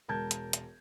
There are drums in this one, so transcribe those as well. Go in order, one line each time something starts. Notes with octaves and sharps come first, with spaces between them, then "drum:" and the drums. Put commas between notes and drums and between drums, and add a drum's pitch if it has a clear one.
E1 A#4 A5 G6 G#6
drum: hi-hat
drum: hi-hat